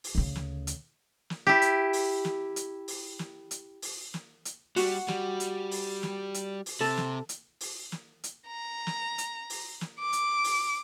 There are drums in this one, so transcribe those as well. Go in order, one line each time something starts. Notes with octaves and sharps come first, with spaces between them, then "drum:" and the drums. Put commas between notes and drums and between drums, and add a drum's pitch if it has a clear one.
drum: open hi-hat
D2 C#3
drum: snare
drum: hi-hat
drum: snare
E4 G4
drum: hi-hat
drum: open hi-hat
drum: snare
drum: hi-hat
drum: open hi-hat
drum: snare
drum: hi-hat
drum: open hi-hat
drum: snare
drum: hi-hat
G3 F#4, drum: open hi-hat
G3, drum: snare
drum: hi-hat
drum: open hi-hat
drum: snare
drum: hi-hat
drum: open hi-hat
C3 A4
drum: snare
drum: hi-hat
drum: open hi-hat
drum: snare
drum: hi-hat
A#5
drum: snare
drum: hi-hat
drum: open hi-hat
drum: snare
D6
drum: hi-hat
drum: open hi-hat